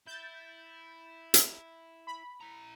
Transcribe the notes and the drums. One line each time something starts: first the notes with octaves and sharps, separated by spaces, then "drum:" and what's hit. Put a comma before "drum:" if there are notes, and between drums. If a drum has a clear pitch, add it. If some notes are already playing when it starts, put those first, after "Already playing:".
E4 G6 A6
drum: hi-hat
B5
E4 A#5